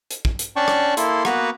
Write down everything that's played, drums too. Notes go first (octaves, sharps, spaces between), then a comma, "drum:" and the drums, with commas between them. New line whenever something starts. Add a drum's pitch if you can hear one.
drum: hi-hat
drum: kick
drum: hi-hat
C#4 D4 D5 G5 A5 C#6
drum: rim click
A#3 E4 A4 C6, drum: hi-hat
A#3 B3 F#4 B4 A#5, drum: rim click